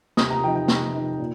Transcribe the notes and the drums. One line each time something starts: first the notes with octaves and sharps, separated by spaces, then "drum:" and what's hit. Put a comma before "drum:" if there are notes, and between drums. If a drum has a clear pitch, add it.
C3 D#6, drum: snare
A#5
F3 D#4 G5
G5
C3, drum: snare
F3 D#4
A#2